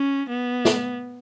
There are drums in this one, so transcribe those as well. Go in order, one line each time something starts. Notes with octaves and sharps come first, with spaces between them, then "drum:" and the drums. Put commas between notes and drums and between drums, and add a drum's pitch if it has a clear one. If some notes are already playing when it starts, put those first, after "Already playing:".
Already playing: C#4
B3
drum: snare